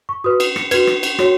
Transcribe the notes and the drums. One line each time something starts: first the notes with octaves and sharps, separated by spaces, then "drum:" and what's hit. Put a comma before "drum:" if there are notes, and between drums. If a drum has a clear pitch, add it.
C#6
F#4 B4 D#6
drum: cymbal
C#7, drum: rim click
F#4 B4 G#6, drum: cymbal
drum: rim click
drum: cymbal
F#4 C#5, drum: rim click